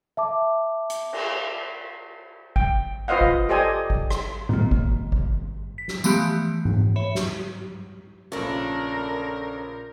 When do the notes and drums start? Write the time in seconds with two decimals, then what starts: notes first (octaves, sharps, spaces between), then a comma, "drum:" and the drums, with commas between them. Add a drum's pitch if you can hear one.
0.17 E5 A5 D6
0.90 drum: hi-hat
1.13 drum: cymbal
2.56 G5, drum: kick G#1
3.08 F4 B4 C5 D#5 F5 F#5
3.21 drum: kick G#1
3.49 G4 A4 C5 D5 D#5 G#5
3.90 drum: kick G#1
4.11 drum: rim click
4.49 D#3 A#3, drum: tom A2
4.71 drum: kick G#1
5.12 drum: kick G#1
5.78 B6
5.88 drum: snare
6.04 E3 F3 G#3 A3 B3 G4, drum: tambourine
6.65 drum: tom G#2
6.96 C#5 E5 B5
7.15 drum: snare
8.32 A#1 C#3 A3 D4 A#4